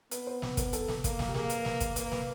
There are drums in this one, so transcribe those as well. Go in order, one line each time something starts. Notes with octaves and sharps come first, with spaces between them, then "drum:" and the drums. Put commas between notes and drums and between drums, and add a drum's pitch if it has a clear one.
B3 B4, drum: hi-hat
C5
B4, drum: snare
A#4, drum: kick, hi-hat
A4, drum: hi-hat
drum: snare
A#3, drum: kick, hi-hat
drum: snare
G4
A#3 G#4, drum: snare
B4, drum: hi-hat
B4, drum: snare
drum: kick, hi-hat
A#3 B4, drum: hi-hat
B4, drum: snare